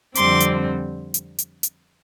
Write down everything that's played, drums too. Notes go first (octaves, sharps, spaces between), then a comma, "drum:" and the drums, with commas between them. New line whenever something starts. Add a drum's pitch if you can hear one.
F2 D3 G3 C4 C6 D6, drum: hi-hat
drum: hi-hat
drum: hi-hat
drum: hi-hat
drum: hi-hat